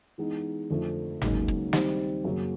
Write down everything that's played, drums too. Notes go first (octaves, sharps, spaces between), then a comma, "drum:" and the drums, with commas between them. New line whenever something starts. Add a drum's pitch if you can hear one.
E3 G#3 B3 D#4
F2 D3 F3 A3
C#2 C#3 F#3 A#3 D#4, drum: tom G1
drum: kick
D#3 G3 C4, drum: snare
F#2 C#3 F#3 A#3